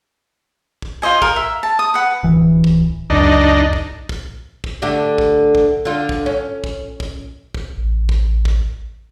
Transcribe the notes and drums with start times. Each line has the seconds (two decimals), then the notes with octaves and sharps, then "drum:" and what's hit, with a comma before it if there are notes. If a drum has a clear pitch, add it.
0.82 drum: kick
1.02 F4 C5 D#5 G#5
1.22 A#4, drum: kick
1.36 E5
1.63 A5
1.79 D#6
1.94 B4 F#5
2.23 D1 E3
2.64 drum: kick
3.10 C#2 F#2 D4 D#4
3.73 drum: kick
4.09 drum: kick
4.64 drum: kick
4.82 D3 A3 G4
5.18 drum: kick
5.55 drum: kick
5.85 D3 F4
6.09 drum: kick
6.26 C#4
6.64 drum: kick
7.00 drum: kick
7.54 drum: kick
7.78 A1
8.09 drum: kick
8.45 drum: kick